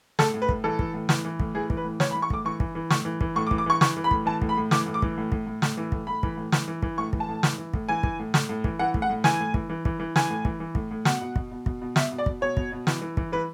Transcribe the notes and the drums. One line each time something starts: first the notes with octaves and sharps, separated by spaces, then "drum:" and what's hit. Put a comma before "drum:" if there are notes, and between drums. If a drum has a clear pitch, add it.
A2 A4, drum: snare
A2
B4
A2, drum: kick
E3 A4
E3, drum: kick
A2
E3, drum: snare
E3
A2, drum: kick
E3 G#4
E3, drum: kick
B4
A2
E3 C#5, drum: snare
B5
E3
C#6
A2 D6, drum: kick
E3 C#6
E3, drum: kick
E3
A2 C#6, drum: snare
E3
E3, drum: kick
A2 C#6
D6
E3, drum: kick
D6
E3 C#6
E3 C#6, drum: snare
E3
B5
A2, drum: kick
E3 A5
A2, drum: kick
B5
A2
E3 D6, drum: snare
A2
D6
E3, drum: kick
A2
A2, drum: kick
A2
A2, drum: snare
E3
A2, drum: kick
A2 B5
E3, drum: kick
A2
E3, drum: snare
E3
E3, drum: kick
A2 C#6
E3, drum: kick
A5
A2
E3, drum: snare
E3
A2, drum: kick
E3 G#5
E3, drum: kick
A2
A2, drum: snare
A2
E3, drum: kick
E3 F#5
A2, drum: kick
F#5
A2
E3 G#5, drum: snare
A2
E3, drum: kick
E3
E3, drum: kick
E3
E3 G#5, drum: snare
A2
E3, drum: kick
E3
A2, drum: kick
A2
B2 F#5, drum: snare
B2
B2, drum: kick
B2
B2, drum: kick
B2
B2 E5, drum: snare
B2
D5
B2, drum: kick
B2 C#5
B2, drum: kick
B2
E3, drum: snare
E3
E3, drum: kick
E3 B4